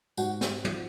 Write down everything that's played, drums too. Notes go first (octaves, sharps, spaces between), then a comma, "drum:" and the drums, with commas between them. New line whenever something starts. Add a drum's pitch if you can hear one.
G#2 F#4 F#5, drum: tambourine
drum: snare
F3, drum: tom